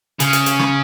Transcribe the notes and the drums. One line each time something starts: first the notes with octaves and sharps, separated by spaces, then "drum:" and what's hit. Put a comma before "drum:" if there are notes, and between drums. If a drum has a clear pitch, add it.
C#3, drum: hi-hat
drum: hi-hat
drum: hi-hat
drum: rim click